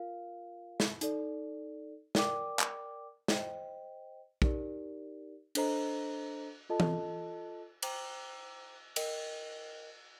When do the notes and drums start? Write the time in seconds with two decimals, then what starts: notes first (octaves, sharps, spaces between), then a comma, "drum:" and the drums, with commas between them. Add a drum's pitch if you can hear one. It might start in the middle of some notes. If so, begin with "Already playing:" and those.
Already playing: F4 A#4 F5
0.80 drum: snare
1.01 D#4 A4 D5, drum: hi-hat
2.15 A#4 D5 G5 D6, drum: snare
2.59 drum: clap
3.28 C5 D#5 G5, drum: snare
4.42 D#4 G4 A#4 D5, drum: kick
5.55 D4 A4 C5 D#5 A#5, drum: cymbal
6.70 F4 A4 D#5 A5
6.80 drum: tom
7.82 C5 G5 A#5 D6, drum: cymbal
8.96 A#4 D#5 G5, drum: cymbal